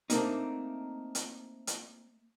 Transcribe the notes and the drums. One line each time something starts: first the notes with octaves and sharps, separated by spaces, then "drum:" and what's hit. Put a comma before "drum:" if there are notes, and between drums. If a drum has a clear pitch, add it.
A3 A#3 C4 D4 D#4, drum: hi-hat
drum: hi-hat
drum: hi-hat